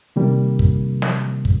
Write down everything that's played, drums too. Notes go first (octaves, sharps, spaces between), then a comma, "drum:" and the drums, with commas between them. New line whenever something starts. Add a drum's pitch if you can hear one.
C3 D#3 G3 A#3
drum: kick
drum: snare
drum: kick